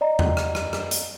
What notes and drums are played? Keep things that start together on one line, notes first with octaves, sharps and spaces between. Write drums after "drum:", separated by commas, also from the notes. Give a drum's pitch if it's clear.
D5 D#5 A#5
drum: tom E2
drum: rim click
drum: rim click
drum: rim click
drum: hi-hat